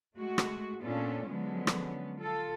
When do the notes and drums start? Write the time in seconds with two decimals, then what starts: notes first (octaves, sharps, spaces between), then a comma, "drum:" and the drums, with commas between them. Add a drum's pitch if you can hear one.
0.16 G#3 A3 F#4
0.38 drum: rim click
0.82 A#2 B3 C#4 D4 F4 A4
1.24 D3 F3 F#3 G#3 B3 C#4
1.67 drum: rim click
2.18 F4 A4